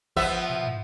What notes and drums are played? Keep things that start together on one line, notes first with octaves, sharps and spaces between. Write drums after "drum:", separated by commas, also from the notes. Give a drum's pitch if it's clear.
F3 B3 E5, drum: kick G#1
drum: tom
drum: tom